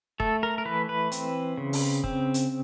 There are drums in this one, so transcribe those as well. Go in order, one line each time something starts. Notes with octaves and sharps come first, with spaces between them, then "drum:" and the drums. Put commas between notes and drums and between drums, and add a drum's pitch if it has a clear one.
A3 A4, drum: kick
A#4
A#4
E3 B4
B4
C4, drum: hi-hat
C#3
drum: open hi-hat
C4, drum: kick
drum: hi-hat